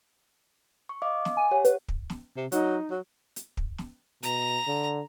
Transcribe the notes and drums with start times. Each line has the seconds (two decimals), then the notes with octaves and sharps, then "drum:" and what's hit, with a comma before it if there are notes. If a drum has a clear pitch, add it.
0.89 C#6
1.02 D#5 F5 D6
1.25 drum: snare
1.37 G#5
1.51 G4 C#5 F#5
1.65 B4, drum: hi-hat
1.88 drum: kick
2.10 drum: snare
2.37 C3
2.52 F#3 D#4, drum: hi-hat
2.91 F#3
3.36 drum: hi-hat
3.57 drum: kick
3.78 drum: snare
4.23 B2 A#5, drum: hi-hat
4.67 D3